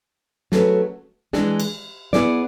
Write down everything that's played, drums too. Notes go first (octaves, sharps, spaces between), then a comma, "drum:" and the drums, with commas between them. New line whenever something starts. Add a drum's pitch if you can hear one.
F#3 A3 C#4 G#4 B4, drum: snare
E3 G#3 D4 G#4, drum: snare
drum: cymbal
B3 E4 G#4 D5, drum: snare